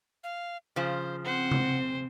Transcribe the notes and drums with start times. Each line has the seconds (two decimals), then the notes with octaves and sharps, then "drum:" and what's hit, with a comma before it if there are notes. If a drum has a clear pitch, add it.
0.24 F5
0.76 C#3 F3 C5
1.25 C4 C5 F#5
1.51 drum: tom C3